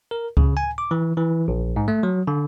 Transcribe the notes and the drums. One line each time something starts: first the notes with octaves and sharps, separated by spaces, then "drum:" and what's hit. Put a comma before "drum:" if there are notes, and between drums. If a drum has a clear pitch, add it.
A#4
C#3, drum: kick C#2
G#5
D6
E3
E3
A#1
G#2
A3
F#3
D3